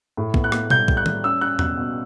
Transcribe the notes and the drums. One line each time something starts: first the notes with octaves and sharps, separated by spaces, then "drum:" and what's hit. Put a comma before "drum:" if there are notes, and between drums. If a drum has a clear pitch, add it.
A2
B3, drum: kick
F#6
B3, drum: rim click
G3 G6, drum: tom B2
G3, drum: kick
F#6
G3, drum: tom
C#4 E6
C#4 F#6
B2 F#6, drum: tom E2
B2